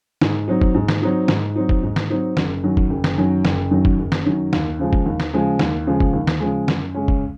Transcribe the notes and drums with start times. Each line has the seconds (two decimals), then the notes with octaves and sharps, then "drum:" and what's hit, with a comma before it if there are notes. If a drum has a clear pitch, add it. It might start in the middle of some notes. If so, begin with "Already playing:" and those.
0.21 G#2, drum: snare
0.48 F#3 C4 D#4
0.62 drum: kick
0.74 G#2
0.88 drum: snare
1.02 F#3 C4 D#4
1.28 G#2, drum: snare
1.56 F#3 C4 D#4
1.69 drum: kick
1.83 G#2
1.96 drum: snare
2.10 F#3 C4 D#4
2.37 F#1, drum: snare
2.64 F#2 D#3 F#3
2.77 drum: kick
2.90 F#1
3.04 drum: snare
3.18 F#2 D#3 F#3
3.45 F#1, drum: snare
3.71 F#2 D#3 F#3
3.85 drum: kick
3.99 F#1
4.12 drum: snare
4.25 F#2 D#3 F#3
4.53 D#2, drum: snare
4.79 C#3 F3 G#3
4.93 drum: kick
5.06 D#2
5.20 drum: snare
5.33 C#3 F3 G#3
5.59 D#2, drum: snare
5.87 C#3 F3 G#3
6.00 drum: kick
6.13 D#2
6.27 drum: snare
6.40 C#3 F3 G#3
6.68 F#2, drum: snare
6.95 C#3 G#3 C#4
7.08 drum: kick